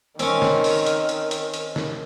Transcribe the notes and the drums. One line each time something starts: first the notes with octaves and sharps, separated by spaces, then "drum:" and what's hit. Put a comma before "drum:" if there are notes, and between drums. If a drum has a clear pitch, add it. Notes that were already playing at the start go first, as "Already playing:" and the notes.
D#3 C4 C#4 A#4, drum: hi-hat
drum: snare
drum: open hi-hat
drum: hi-hat
drum: hi-hat
drum: hi-hat
drum: hi-hat
drum: snare